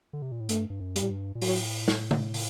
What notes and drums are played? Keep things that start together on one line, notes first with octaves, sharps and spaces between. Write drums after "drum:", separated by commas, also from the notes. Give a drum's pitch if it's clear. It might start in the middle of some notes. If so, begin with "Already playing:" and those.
D3
C3
A#2
A2
G2 A3, drum: hi-hat
G2
F#2
G3, drum: hi-hat
A2
G2
A#2
A2 F#3, drum: open hi-hat
drum: snare
drum: tom C#3
drum: open hi-hat